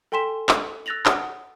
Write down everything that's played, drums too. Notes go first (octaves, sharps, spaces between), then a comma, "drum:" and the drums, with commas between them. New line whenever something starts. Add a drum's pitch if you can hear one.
A4 G5 G#5 C6 B6 E7
drum: clap
E6 F#6 A6 A#6 F7 F#7
F#5 D#6, drum: clap